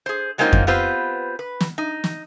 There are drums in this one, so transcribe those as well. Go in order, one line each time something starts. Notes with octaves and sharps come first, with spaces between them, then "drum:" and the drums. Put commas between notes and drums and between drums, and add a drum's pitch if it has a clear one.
G#4 C5
F#3 G#3 A#3 C4 D#4 F4
drum: kick F2
B3 C4 F4 G4 B4 C5
B4
drum: snare
D#4
drum: snare